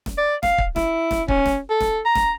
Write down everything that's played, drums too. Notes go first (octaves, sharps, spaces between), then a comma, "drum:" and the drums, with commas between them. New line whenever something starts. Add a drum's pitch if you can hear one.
drum: snare
D5
F5, drum: snare
drum: kick
E4, drum: snare
drum: snare
C#4, drum: kick
drum: snare
A4
drum: snare
A#5
drum: snare